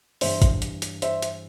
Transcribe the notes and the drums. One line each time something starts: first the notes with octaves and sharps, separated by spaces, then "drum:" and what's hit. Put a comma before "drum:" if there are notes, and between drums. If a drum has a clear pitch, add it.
G2 E3 C5 E5, drum: open hi-hat
drum: kick G#1, hi-hat
drum: hi-hat
drum: hi-hat
C5 E5, drum: hi-hat
drum: hi-hat